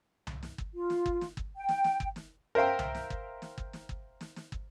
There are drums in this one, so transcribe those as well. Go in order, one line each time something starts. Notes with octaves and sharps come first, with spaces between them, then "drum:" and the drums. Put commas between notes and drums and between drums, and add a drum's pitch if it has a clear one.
drum: tom C2
drum: snare
drum: kick
F4
drum: snare
drum: kick
drum: snare
drum: kick
G5
drum: snare
drum: snare
drum: kick
drum: snare
A#4 C5 E5 F5 G5
drum: tom C2
drum: snare
drum: kick
drum: snare
drum: kick
drum: snare
drum: kick
drum: snare
drum: snare
drum: kick